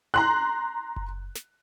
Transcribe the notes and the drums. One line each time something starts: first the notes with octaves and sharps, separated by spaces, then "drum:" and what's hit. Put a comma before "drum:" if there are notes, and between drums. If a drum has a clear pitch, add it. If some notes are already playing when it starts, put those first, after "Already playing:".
A#5 C6 F#6
drum: kick F#1
drum: snare